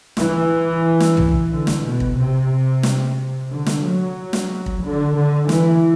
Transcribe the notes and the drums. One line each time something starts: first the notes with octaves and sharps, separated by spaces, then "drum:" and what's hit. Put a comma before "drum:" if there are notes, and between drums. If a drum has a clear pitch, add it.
E3, drum: snare
drum: snare
drum: tom
D3
drum: snare
B2
drum: kick
C3
drum: snare
D3
drum: snare
F#3
drum: snare
drum: kick
D3
D3
E3, drum: snare